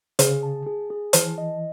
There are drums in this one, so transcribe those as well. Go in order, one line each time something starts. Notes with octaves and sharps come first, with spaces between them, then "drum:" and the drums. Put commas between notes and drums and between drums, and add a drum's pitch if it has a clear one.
C#3 G#4, drum: hi-hat
A5
G#4
G#4
E3 A5, drum: hi-hat
D#5